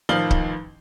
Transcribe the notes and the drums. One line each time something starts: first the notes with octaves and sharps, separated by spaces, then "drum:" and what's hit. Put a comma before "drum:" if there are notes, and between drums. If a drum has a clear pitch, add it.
A1 D#3 F3 F5 F#7 G7
drum: kick C#1